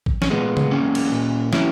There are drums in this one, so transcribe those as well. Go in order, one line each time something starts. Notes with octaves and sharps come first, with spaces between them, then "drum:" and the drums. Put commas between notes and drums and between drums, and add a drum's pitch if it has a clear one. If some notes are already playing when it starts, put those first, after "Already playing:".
drum: kick A1
C#4, drum: snare
A#2 G#3 B3
drum: tom C#3
E2 D#3 A#3 C#4
drum: cymbal
A#2
E3 C#4 E4, drum: snare